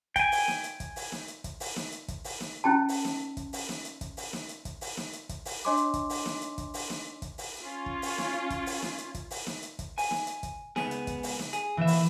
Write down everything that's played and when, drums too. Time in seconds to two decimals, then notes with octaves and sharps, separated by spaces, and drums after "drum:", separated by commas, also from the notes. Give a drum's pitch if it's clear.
0.16 G5 G#5, drum: kick, hi-hat
0.32 drum: open hi-hat
0.48 drum: snare D#4
0.64 drum: hi-hat
0.80 drum: kick, hi-hat
0.96 drum: open hi-hat
1.12 drum: snare D#4
1.28 drum: hi-hat
1.44 drum: kick, hi-hat
1.60 drum: open hi-hat
1.76 drum: snare D#4
1.92 drum: hi-hat
2.08 drum: kick, hi-hat
2.24 drum: open hi-hat
2.40 drum: snare D#4
2.64 C#4 E4 G5 A5
2.89 drum: open hi-hat
3.05 drum: snare D#4
3.37 drum: kick, hi-hat
3.53 drum: open hi-hat
3.69 drum: snare D#4
3.85 drum: hi-hat
4.01 drum: kick, hi-hat
4.17 drum: open hi-hat
4.33 drum: snare D#4
4.49 drum: hi-hat
4.65 drum: kick, hi-hat
4.81 drum: open hi-hat
4.97 drum: snare D#4
5.13 drum: hi-hat
5.29 drum: kick, hi-hat
5.45 drum: open hi-hat
5.65 D4 C#5 D#5 G#5 C6 D6
5.77 drum: hi-hat
5.94 drum: kick, hi-hat
6.10 drum: open hi-hat
6.26 drum: snare D#4
6.42 drum: hi-hat
6.58 drum: kick, hi-hat
6.74 drum: open hi-hat
6.90 drum: snare D#4
7.22 drum: kick, hi-hat
7.38 drum: open hi-hat
7.62 C#4 F4
7.86 drum: kick
8.02 drum: open hi-hat
8.18 drum: snare D#4
8.50 drum: kick, hi-hat
8.66 drum: open hi-hat
8.82 drum: snare D#4
8.98 drum: hi-hat
9.14 drum: kick, hi-hat
9.31 drum: open hi-hat
9.47 drum: snare D#4
9.63 drum: hi-hat
9.79 drum: kick, hi-hat
9.98 G#5, drum: open hi-hat
10.11 drum: snare D#4
10.27 drum: hi-hat
10.43 drum: kick, hi-hat
10.76 C#2 B3 G#4, drum: snare D#4
10.91 drum: hi-hat
11.07 drum: kick, hi-hat
11.23 drum: open hi-hat
11.39 drum: snare D#4
11.53 G#4, drum: hi-hat
11.77 D#2 E3 E5
11.87 drum: open hi-hat